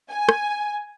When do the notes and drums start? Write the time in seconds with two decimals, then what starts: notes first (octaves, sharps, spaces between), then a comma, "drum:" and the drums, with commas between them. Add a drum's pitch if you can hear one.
0.10 G#5
0.29 drum: rim click